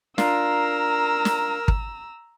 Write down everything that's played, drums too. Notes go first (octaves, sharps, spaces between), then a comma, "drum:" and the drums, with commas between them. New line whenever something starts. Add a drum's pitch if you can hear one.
D4 F4 A#4 A#5 E6, drum: snare
drum: snare
drum: kick